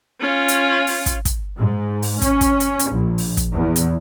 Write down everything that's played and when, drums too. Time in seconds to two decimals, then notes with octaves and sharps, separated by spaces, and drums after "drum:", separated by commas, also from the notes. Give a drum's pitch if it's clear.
0.20 C#4 F4
0.48 drum: hi-hat
0.87 drum: open hi-hat
1.06 drum: kick, hi-hat
1.25 drum: kick, hi-hat
1.58 G#2
2.02 drum: open hi-hat
2.22 C#4, drum: kick, hi-hat
2.41 drum: kick, hi-hat
2.60 drum: hi-hat
2.79 drum: hi-hat
2.91 A#1
3.18 drum: open hi-hat
3.37 drum: kick, hi-hat
3.53 E2
3.76 drum: hi-hat